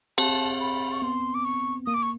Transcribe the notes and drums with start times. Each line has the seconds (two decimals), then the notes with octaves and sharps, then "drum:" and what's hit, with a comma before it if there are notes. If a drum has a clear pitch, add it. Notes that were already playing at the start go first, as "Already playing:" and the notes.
0.18 C4 A5, drum: cymbal
0.60 B5
0.92 C#6
1.02 B3 C6
1.34 D6
1.45 C#6
1.86 A#3 D#6
1.94 D6
2.02 C#6